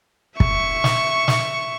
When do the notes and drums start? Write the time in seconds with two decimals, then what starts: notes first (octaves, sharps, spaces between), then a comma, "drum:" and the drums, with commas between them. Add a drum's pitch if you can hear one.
0.40 E5 C#6, drum: kick
0.84 drum: snare
1.28 drum: snare